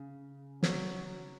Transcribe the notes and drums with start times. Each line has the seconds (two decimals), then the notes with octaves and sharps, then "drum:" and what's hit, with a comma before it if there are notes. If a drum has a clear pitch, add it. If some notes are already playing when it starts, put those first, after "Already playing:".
Already playing: C#3
0.63 F#3, drum: snare